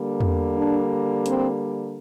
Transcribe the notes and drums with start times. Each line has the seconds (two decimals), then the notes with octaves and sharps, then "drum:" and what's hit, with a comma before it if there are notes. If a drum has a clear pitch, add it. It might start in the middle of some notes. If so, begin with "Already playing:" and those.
Already playing: D3 G3 A#3
0.21 drum: tom E2
0.58 D4
1.26 C4, drum: hi-hat